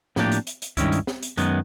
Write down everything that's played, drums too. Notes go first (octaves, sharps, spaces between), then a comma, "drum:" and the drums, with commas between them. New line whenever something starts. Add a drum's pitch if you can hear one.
A2 F3 A#3 D4 G4, drum: snare
drum: hi-hat
drum: hi-hat
drum: hi-hat
G2 D#3 G#3 C#4 E4, drum: kick C#2, hi-hat
drum: hi-hat
drum: snare
drum: hi-hat
F#2 D#3 G#3 B3, drum: hi-hat